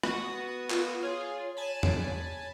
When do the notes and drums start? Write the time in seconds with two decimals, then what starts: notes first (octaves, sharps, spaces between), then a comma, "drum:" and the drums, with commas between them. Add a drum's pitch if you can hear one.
0.03 B3 F#4 D#6, drum: rim click
0.70 F4, drum: clap
1.03 F4 G#4 C#5
1.57 G#5 A5 B5
1.83 drum: tom E2